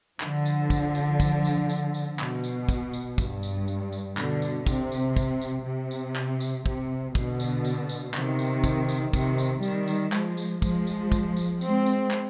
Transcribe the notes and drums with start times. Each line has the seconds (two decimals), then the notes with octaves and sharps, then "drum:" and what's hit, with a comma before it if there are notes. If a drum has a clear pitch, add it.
0.20 D3 F3, drum: clap
0.45 drum: tambourine
0.70 drum: kick, tambourine
0.95 drum: tambourine
1.20 drum: kick, tambourine
1.45 drum: tambourine
1.69 drum: tambourine
1.94 drum: tambourine
2.19 B2, drum: clap
2.44 drum: tambourine
2.69 drum: kick, tambourine
2.93 drum: tambourine
3.18 G2, drum: kick, tambourine
3.43 drum: tambourine
3.68 drum: tambourine
3.93 drum: tambourine
4.17 B2 D3, drum: clap
4.42 drum: tambourine
4.67 C3, drum: kick, tambourine
4.92 drum: tambourine
5.17 drum: kick, tambourine
5.41 drum: tambourine
5.66 C3
5.91 drum: tambourine
6.16 drum: clap
6.41 drum: tambourine
6.66 C3, drum: kick
7.15 B2 D3, drum: kick, tambourine
7.40 drum: tambourine
7.65 drum: tambourine
7.89 drum: tambourine
8.14 C3 D#3, drum: clap
8.39 drum: tambourine
8.64 drum: kick, tambourine
8.88 drum: tambourine
9.13 C3 D#3, drum: kick, tambourine
9.38 drum: tambourine
9.63 D#3 G3, drum: tambourine
9.88 drum: tambourine
10.12 F3 G#3, drum: clap
10.37 drum: tambourine
10.62 F3 G#3, drum: kick, tambourine
10.87 drum: tambourine
11.12 drum: kick, tambourine
11.36 drum: tambourine
11.61 G#3 C4, drum: tambourine
11.86 drum: tambourine
12.11 drum: clap